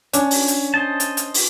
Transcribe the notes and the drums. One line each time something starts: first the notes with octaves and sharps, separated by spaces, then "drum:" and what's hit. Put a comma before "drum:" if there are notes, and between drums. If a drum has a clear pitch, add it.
C#4 D4, drum: hi-hat
drum: open hi-hat
drum: hi-hat
C5 D#5 A5
drum: hi-hat
drum: hi-hat
drum: open hi-hat